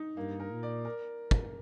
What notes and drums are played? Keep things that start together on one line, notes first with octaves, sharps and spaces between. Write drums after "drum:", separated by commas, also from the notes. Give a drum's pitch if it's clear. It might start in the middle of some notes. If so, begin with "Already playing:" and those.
Already playing: D#4
G2 A#3
A#4
A#2
D5
A#4
drum: kick